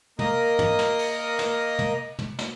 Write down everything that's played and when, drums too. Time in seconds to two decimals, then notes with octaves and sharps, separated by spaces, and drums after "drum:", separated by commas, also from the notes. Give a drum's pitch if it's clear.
0.19 A#3 A#4 D#5, drum: tom
0.59 drum: tom
0.79 drum: snare
0.99 drum: cymbal
1.39 drum: snare
1.79 drum: tom
2.19 drum: tom
2.39 drum: snare